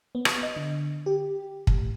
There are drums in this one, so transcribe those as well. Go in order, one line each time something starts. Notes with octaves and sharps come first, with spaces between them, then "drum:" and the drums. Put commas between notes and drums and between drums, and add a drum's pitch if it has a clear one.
B3
drum: rim click
D#5
D3
G4
A2, drum: kick